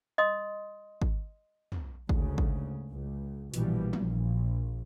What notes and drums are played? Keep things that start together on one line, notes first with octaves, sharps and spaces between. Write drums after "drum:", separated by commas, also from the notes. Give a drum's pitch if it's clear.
D#5 C6 D#6
drum: kick G#1
drum: tom
D2 G#2 C#3, drum: kick G#1
drum: kick G#1
C#2
A#1 B2 E3 F3 G3, drum: hi-hat
A#1, drum: tom